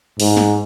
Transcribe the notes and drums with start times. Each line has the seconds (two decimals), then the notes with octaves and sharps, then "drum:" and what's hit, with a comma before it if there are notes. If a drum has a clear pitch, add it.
0.20 G#2, drum: open hi-hat
0.37 drum: snare